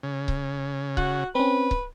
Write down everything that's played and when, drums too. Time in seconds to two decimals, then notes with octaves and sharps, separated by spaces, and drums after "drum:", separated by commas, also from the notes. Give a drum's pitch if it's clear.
0.03 C#3
0.28 drum: kick C#1
0.97 F#4 F#6, drum: kick C#1
1.35 C4 C#4 B4
1.71 drum: kick C#1